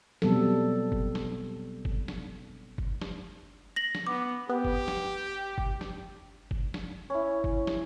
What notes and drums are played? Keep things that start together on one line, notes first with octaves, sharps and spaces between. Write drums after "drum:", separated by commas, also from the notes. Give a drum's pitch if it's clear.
B2 F#3 G3 B3 C4 A4, drum: snare
drum: kick F#1
drum: snare
drum: kick F#1
drum: snare
drum: kick F#1
drum: snare
A#6 F#7
drum: snare
B3 D6
B3 G4
drum: kick F#1
drum: snare
drum: kick F#1
drum: snare
drum: kick F#1
drum: snare
C#4 E4
drum: kick F#1
drum: snare